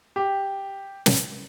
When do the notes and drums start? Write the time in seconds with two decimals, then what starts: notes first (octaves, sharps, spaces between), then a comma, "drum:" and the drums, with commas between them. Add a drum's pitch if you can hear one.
0.16 G4
1.06 drum: snare